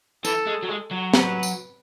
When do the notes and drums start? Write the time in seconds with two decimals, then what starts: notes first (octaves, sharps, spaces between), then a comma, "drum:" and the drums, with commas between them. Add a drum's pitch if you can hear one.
0.25 E3 A4, drum: tambourine
0.47 G#3
0.63 F#3
0.69 G#3
0.91 F#3
1.14 B4, drum: snare
1.43 drum: tambourine